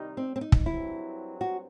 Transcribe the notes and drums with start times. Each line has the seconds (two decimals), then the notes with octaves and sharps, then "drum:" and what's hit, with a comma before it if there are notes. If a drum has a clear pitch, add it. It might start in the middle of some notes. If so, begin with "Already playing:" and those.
Already playing: C2 C3 D#3 G3 D#4
0.17 C4
0.36 C4
0.41 D#4
0.52 drum: kick
0.66 G2 F#3 C4 E4
1.41 F#4